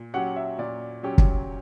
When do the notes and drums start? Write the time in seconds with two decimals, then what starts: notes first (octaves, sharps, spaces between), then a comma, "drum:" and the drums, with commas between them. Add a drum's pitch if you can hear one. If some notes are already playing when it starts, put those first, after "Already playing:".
Already playing: A#2
0.14 F#3 C#4 G4 F#5
0.36 E5
0.58 A#2 D5
1.03 F#3 C#4 G4
1.18 drum: kick